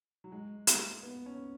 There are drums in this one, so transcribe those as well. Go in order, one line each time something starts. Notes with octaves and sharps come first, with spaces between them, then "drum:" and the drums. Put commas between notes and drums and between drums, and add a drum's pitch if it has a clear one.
F#3
G#3
A#3, drum: hi-hat
B3
C#4